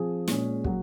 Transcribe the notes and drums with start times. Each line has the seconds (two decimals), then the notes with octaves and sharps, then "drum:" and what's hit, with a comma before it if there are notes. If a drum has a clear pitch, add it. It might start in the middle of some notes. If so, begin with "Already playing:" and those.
Already playing: F3 C4 G#4
0.28 A#2 G#3 C#4, drum: snare
0.64 F#3 A#3 F#4, drum: kick